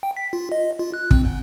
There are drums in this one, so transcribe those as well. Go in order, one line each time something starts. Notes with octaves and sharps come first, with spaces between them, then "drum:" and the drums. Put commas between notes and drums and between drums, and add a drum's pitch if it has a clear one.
G5
B6
F4
D#5
F4
F#6
C4, drum: kick
G1